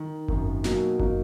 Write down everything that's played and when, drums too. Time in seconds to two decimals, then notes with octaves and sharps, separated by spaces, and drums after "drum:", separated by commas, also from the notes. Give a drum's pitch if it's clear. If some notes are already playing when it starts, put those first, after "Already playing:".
Already playing: D#3
0.28 G#1 F#2 D#3, drum: kick F#1
0.64 B1 B2 F#3 A#3 D#4, drum: snare
0.99 B2 F#3 A#3 D#4, drum: kick F#1